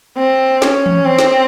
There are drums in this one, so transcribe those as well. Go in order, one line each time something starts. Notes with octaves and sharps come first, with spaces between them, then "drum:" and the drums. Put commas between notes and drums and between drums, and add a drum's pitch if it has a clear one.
C4
C#4, drum: snare
drum: tom E3
C4
drum: snare